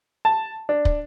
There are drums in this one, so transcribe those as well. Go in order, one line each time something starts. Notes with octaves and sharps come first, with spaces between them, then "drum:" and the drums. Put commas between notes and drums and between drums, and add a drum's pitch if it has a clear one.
A5
D4
drum: kick